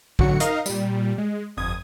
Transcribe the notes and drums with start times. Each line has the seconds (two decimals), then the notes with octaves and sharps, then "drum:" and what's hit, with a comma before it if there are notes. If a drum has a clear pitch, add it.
0.19 A1 D3 F#3 F#4 C#7, drum: kick
0.40 D#4 A#4 D#5 F5, drum: hi-hat
0.66 A#2 G3, drum: tambourine
1.18 G#3
1.57 G1 F2 D#6 G#6